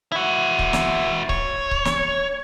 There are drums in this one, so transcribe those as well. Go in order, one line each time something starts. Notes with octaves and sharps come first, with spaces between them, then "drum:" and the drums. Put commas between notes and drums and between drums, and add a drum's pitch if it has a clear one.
E4 F#4
drum: kick C#1
drum: snare
C#5, drum: kick C#1
drum: kick C#1
drum: snare